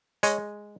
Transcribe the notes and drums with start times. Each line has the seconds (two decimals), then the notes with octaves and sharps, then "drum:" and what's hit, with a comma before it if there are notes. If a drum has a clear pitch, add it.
0.23 G#3 C#5 D#5, drum: hi-hat